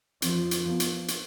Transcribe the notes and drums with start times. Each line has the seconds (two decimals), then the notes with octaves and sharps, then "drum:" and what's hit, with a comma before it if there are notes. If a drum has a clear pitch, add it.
0.22 F2 F3, drum: hi-hat
0.51 drum: hi-hat
0.65 F3 B3
0.80 drum: hi-hat
1.08 drum: hi-hat